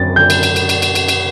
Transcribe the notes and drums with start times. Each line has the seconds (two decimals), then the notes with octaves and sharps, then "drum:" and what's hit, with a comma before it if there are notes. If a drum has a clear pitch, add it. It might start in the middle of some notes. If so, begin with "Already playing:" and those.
Already playing: F#2 F#3 C4 A6
0.16 G6
0.30 drum: cymbal
0.43 drum: cymbal
0.56 drum: cymbal
0.69 drum: cymbal
0.82 drum: cymbal
0.95 drum: cymbal
1.08 drum: cymbal